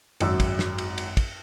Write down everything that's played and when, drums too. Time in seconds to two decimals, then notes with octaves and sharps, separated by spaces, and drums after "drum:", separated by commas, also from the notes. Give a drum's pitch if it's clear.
0.20 G#1 F#2 E6, drum: cymbal
0.40 drum: kick, cymbal
0.59 drum: snare
0.78 drum: cymbal
0.98 drum: cymbal
1.17 drum: kick, cymbal